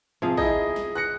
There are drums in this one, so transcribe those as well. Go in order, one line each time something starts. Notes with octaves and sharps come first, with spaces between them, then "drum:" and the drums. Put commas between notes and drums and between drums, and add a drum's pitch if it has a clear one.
C3 F3 G#4 F5
D#4 E4 G#4 D#5, drum: kick
drum: snare
F#6 A#6 C#7